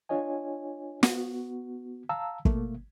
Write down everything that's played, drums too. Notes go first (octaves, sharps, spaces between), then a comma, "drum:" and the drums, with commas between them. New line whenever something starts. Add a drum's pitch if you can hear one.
D4 F4 C#5 D#5 G#5
B3 F#4, drum: snare
F5 A5 A#5 E6
B2 A3 A#3, drum: kick